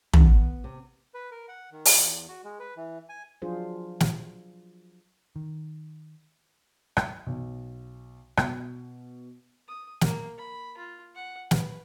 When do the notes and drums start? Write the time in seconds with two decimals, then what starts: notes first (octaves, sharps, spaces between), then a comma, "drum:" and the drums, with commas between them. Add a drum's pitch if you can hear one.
0.14 B3, drum: tom
0.64 C3
1.14 B4
1.31 A#4
1.48 F#5
1.72 D#3
1.85 drum: open hi-hat
1.96 E2
2.28 F#4
2.44 G#3
2.60 B4
2.77 E3
3.09 G#5
3.42 F3 F#3 D4 F4 G#4 C5
4.00 drum: snare
5.36 D#3
6.97 drum: rim click
7.27 B1
8.37 B2, drum: rim click
9.68 D#6
10.01 A#3, drum: snare
10.38 B5
10.78 F4
11.15 F#5
11.51 B4, drum: snare